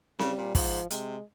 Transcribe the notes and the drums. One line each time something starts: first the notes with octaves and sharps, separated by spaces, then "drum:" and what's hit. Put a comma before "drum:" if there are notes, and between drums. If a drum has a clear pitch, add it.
C#3 G3, drum: snare C4
A#2
G#2 F3, drum: kick, open hi-hat
C3 G#3, drum: hi-hat